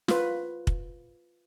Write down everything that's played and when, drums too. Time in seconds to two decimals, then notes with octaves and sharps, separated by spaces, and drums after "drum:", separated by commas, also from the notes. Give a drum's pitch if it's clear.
0.08 F4 B4, drum: snare
0.67 drum: kick